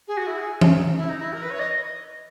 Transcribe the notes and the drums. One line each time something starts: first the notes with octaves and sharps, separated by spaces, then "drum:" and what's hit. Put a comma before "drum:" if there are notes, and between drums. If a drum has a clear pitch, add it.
G#4
F#4
E4
G#4
drum: tom E3
E4
D#4
E4
A#4
B4
C#5
D#5